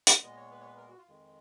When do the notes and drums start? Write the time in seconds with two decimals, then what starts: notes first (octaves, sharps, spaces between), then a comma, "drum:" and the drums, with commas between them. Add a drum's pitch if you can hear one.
0.07 drum: hi-hat
0.23 A#2 G#3 B3 D#5
0.37 C#5
0.51 B4
0.60 C#5
0.66 B4
0.77 A#4
0.87 F#4
0.98 F4
1.08 F2 D#3 G#3